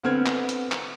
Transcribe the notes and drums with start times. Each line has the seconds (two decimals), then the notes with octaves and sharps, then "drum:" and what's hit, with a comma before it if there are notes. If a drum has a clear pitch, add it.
0.03 D3 B3 C4 F6 G#6
0.26 drum: clap
0.49 drum: hi-hat
0.72 drum: clap